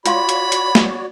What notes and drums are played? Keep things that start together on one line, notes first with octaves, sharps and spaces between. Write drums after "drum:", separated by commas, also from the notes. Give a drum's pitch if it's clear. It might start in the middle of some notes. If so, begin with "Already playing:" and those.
F4 F#4 C#5 D5 F5 B5 C6, drum: hi-hat
drum: hi-hat
drum: hi-hat
drum: snare